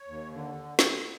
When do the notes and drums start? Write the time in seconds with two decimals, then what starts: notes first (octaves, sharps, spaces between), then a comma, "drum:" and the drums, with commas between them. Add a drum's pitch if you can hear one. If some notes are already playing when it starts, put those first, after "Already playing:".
Already playing: C#5
0.08 D#2
0.33 D3
0.79 drum: snare